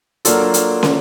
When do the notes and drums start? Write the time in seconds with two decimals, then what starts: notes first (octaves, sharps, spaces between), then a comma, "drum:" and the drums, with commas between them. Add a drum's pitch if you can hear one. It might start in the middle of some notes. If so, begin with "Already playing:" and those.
0.25 F#3 A#3 D4 F4 A4, drum: hi-hat
0.54 drum: hi-hat
0.83 drum: snare